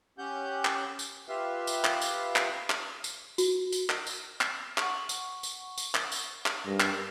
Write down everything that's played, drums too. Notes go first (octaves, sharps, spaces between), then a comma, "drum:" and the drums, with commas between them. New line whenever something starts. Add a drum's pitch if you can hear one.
C#4 G4 F#5 G6
drum: clap
drum: tambourine
F4 G4 B4 E5 F5
drum: tambourine
drum: clap
drum: tambourine
drum: clap
drum: clap
drum: tambourine
F#4, drum: tambourine
drum: tambourine
drum: clap
drum: tambourine
drum: clap
F#5 C#6, drum: clap
drum: tambourine
drum: tambourine
drum: tambourine
drum: clap
drum: tambourine
drum: clap
G2 A#4
drum: clap